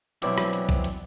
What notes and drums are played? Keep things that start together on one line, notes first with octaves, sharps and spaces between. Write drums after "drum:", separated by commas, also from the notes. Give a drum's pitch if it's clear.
B2 E3 F#3 G3 C4 D4, drum: hi-hat
drum: rim click
drum: hi-hat
drum: kick, hi-hat
drum: hi-hat